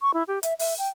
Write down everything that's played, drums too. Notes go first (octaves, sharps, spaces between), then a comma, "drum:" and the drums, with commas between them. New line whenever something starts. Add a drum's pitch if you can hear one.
C#6
E4
G4
E5, drum: hi-hat
E5, drum: open hi-hat
G5